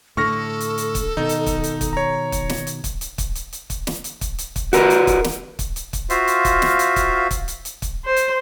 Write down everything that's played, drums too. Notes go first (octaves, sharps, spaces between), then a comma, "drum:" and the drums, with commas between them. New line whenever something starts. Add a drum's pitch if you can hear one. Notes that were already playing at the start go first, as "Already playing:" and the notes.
A2 D3 A4 C#6 F6 A#6
drum: hi-hat
drum: hi-hat
drum: kick, hi-hat
B2 D#3 D#4
drum: hi-hat
drum: kick, hi-hat
drum: hi-hat
drum: kick, hi-hat
C#5 A#5
drum: kick, hi-hat
drum: snare
drum: hi-hat
drum: kick, hi-hat
drum: hi-hat
drum: kick, hi-hat
drum: hi-hat
drum: hi-hat
drum: kick, hi-hat
drum: snare
drum: hi-hat
drum: kick, hi-hat
drum: hi-hat
drum: kick, hi-hat
F#4 A#4 B4, drum: hi-hat
drum: hi-hat
drum: kick, hi-hat
drum: snare
drum: kick, hi-hat
drum: hi-hat
drum: kick, hi-hat
F4 F#4 C5 E5 F5, drum: hi-hat
drum: hi-hat
drum: kick, hi-hat
drum: snare
drum: hi-hat
drum: kick, hi-hat
drum: kick, hi-hat
drum: hi-hat
drum: hi-hat
drum: kick, hi-hat
C5
drum: hi-hat